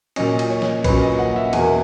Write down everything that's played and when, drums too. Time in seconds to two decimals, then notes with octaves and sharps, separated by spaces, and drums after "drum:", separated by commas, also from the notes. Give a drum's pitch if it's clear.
0.16 A#2 F#3 C#4 D#5, drum: cymbal
0.39 drum: cymbal
0.50 C#5
0.62 drum: snare
0.84 A#2 F#3 C#4 B4, drum: kick A#1, cymbal
1.02 D#5
1.18 F#5
1.36 E5
1.53 E2 B2 A#3 G#5, drum: cymbal